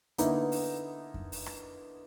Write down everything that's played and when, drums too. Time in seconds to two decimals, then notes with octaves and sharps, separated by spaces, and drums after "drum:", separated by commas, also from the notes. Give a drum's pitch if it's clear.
0.18 D3 A#3 B3 D#4 E4, drum: hi-hat
0.52 drum: open hi-hat
1.14 drum: kick F2
1.32 drum: open hi-hat
1.46 drum: rim click